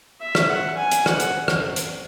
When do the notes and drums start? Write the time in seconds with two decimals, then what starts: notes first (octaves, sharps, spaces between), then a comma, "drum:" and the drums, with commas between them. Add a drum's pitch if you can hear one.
0.21 E5
0.35 drum: rim click
0.50 F#5
0.77 G#5
0.91 drum: hi-hat
1.06 F#5, drum: rim click
1.20 drum: hi-hat
1.48 drum: rim click
1.76 drum: hi-hat